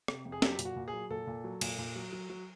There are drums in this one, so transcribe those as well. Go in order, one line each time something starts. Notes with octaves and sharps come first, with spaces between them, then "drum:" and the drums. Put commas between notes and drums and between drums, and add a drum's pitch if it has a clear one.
C3, drum: rim click
F2
G#4
F#3 G4, drum: snare
A#2, drum: hi-hat
F#4
A#2
G#4
F#3
A#2 A4
A#2
F#3
A#2, drum: cymbal
A#2
F#3
F#3
F#3